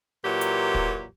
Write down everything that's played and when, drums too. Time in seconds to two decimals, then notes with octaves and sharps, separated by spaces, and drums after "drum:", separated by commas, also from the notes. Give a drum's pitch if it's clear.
0.25 A#2 E3 F#3 G4
0.41 drum: hi-hat
0.75 drum: kick